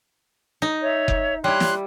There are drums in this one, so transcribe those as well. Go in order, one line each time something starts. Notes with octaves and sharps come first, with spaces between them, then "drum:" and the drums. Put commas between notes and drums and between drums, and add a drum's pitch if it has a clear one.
D#4
C#5 E5
drum: kick F#1
G3 E4 C#5 C6 F#6
drum: snare